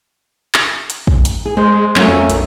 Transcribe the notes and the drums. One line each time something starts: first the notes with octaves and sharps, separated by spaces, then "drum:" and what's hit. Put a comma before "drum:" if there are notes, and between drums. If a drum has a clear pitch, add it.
drum: clap
drum: hi-hat
drum: kick
drum: hi-hat
G#4
G#3 C5
F#3 A3 A#3 C#4, drum: clap
F2
B1, drum: hi-hat